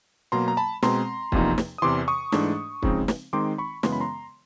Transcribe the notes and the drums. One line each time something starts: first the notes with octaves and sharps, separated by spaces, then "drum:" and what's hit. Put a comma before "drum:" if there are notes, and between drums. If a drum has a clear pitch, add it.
B2 F#3 A#3 A#5 C6
A#5
A5 B5
B2 G#3 C4 A#5 C6, drum: snare
E2 C3 F3 A#3 D#4, drum: kick
drum: snare
D#6
E2 C3 E3 C6 D6
C#6 D#6
G#2 E3 A3 D4, drum: snare
C#3 F3 G#3 C4 D#4, drum: kick
drum: snare
D#3 G#3 C4 D#4 C6 D6
B5 C#6
F#2 C#3 E3 G#3 B3 C6, drum: snare
B5
A#5 C6